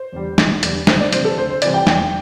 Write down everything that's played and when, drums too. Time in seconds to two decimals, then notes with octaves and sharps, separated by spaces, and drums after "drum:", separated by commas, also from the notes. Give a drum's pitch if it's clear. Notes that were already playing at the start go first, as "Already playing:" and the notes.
Already playing: C5
0.12 E2 D3 G3
0.38 E1, drum: snare
0.63 E2 D3 G3, drum: hi-hat
0.87 D2 C5, drum: snare
1.01 D5
1.13 C3 E3 G3 C5, drum: hi-hat
1.25 A4
1.37 D2 C5
1.50 C5
1.62 C3 E3 G3 D5, drum: hi-hat
1.74 G5
1.87 E2 G5, drum: snare